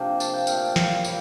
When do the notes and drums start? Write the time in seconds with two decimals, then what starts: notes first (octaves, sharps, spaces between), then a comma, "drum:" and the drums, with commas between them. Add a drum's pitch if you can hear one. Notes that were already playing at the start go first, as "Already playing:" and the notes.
Already playing: C3 F3 A#3 D4 G5
0.20 A5, drum: tambourine
0.34 G5
0.47 A#2 A3 C4 F5, drum: tambourine
0.61 G5
0.76 F5, drum: snare
1.05 A2 G3 A#3, drum: tambourine